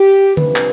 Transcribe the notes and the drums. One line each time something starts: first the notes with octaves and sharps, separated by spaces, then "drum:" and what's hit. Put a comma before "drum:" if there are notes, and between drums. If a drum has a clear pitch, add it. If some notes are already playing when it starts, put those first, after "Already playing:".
Already playing: G4
F2 C3 G3 D4 B4, drum: tom D3
drum: clap